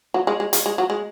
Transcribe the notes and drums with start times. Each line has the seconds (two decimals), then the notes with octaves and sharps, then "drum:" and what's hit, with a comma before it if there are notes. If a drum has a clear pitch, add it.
0.14 F#3
0.27 G#3
0.40 G#3
0.53 G#3, drum: hi-hat
0.66 G#3
0.78 F#3
0.90 G#3